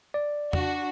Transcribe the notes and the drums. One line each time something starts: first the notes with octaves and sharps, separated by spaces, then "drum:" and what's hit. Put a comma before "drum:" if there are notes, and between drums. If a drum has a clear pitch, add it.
D5
D4 F#4, drum: tom E2